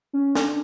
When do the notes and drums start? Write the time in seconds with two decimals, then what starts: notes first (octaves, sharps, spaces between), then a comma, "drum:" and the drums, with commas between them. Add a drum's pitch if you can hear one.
0.13 C#4
0.35 D4, drum: snare